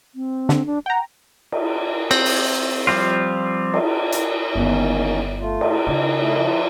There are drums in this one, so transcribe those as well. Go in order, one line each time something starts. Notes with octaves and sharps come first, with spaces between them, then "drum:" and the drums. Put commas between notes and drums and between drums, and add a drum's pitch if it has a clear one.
C4
D3, drum: snare
D4
F#5 G5 A#5
drum: cymbal
C4, drum: cymbal
drum: open hi-hat
F3 G3 C4 F4
drum: cymbal
drum: hi-hat
G1 D#3 A#3 C#4
A3 F4
drum: cymbal
C#3 D#4
A3 D#4 E4
F3, drum: cymbal